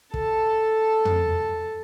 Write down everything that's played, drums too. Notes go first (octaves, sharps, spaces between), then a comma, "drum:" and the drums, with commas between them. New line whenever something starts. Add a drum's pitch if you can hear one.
A4 A5, drum: kick
drum: tom